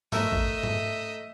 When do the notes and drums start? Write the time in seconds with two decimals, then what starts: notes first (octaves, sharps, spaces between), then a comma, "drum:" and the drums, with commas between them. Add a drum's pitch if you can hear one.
0.12 A3 A4 A#4 D#5 E5, drum: tom G#2
0.32 drum: kick
0.63 drum: tom G#2